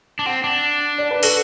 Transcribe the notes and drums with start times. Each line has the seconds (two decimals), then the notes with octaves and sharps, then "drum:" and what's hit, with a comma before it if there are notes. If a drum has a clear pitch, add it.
0.19 D4
0.25 C4 F#5
0.44 D4
0.98 D5
1.11 B4
1.23 F#4 A4, drum: open hi-hat